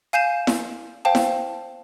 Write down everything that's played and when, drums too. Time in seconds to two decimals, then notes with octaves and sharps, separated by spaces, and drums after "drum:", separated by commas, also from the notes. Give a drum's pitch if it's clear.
0.13 F5 G#5 G6 C7 E7
0.47 drum: snare E4
1.05 C5 F5 G5 A5
1.15 drum: snare E4